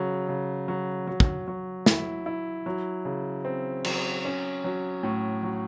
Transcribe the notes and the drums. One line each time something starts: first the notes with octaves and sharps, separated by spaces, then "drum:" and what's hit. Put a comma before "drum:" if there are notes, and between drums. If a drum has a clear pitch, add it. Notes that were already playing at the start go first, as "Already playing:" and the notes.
Already playing: C#3 F#3
C#3
F#3
F#3
drum: kick
F#3
E4, drum: snare
E4
F#3
C#3
C4
F#3, drum: cymbal
C#4
F#3
A2
F#3